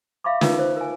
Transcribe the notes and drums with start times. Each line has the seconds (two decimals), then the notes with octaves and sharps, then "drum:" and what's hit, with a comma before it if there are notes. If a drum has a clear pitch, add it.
0.24 E5 F5 B5 C#6 D6
0.41 D#4 F4 A#4 B4, drum: snare
0.59 C5
0.76 A#4 G#5